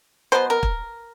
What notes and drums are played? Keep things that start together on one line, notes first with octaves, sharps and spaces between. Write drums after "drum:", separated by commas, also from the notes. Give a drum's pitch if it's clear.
B2 F#3 B3 C5
A#4
drum: kick